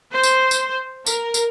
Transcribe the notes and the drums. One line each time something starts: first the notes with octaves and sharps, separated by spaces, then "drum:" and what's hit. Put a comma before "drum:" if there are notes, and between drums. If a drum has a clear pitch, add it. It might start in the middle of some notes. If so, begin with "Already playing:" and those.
C5
drum: tambourine
drum: tambourine
A#4, drum: tambourine
drum: tambourine